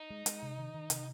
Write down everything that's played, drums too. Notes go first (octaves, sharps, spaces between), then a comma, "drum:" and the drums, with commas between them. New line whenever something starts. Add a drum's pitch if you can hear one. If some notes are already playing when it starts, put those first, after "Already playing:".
Already playing: D#4
G#3
G#3, drum: hi-hat
C3
D#3
D#3
C3, drum: hi-hat